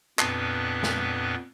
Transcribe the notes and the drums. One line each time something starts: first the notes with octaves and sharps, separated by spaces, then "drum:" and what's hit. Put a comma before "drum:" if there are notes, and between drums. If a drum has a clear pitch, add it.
F2 A#2 B3 D4 B4, drum: clap
drum: snare